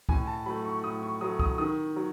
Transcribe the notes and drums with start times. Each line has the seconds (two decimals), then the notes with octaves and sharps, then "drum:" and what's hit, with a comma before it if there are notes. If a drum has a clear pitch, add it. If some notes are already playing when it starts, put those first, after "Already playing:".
0.09 A2 G#5, drum: kick C#2
0.27 A5
0.46 F#3 A3 B5
0.65 C#6
0.84 A2 D#6
1.03 C#6
1.21 F#3 A3 D#6
1.40 D#6, drum: kick C#2
1.58 D#3 D#6
1.96 F#3